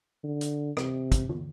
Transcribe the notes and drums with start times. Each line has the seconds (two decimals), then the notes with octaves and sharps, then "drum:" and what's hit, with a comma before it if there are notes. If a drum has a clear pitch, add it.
0.23 D3
0.41 drum: hi-hat
0.77 C3, drum: rim click
1.12 drum: kick, hi-hat
1.29 drum: tom